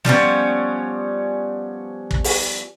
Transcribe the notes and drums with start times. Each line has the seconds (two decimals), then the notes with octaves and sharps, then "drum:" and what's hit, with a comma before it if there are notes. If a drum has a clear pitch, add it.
0.05 F3 G3 B3 C#4, drum: snare
2.11 drum: kick
2.24 drum: open hi-hat